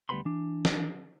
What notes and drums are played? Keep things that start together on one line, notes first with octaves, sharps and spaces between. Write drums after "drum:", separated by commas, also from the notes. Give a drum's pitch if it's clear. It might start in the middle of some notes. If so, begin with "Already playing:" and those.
D2 G3 B3 B4 B5 C6
E3 D4
drum: snare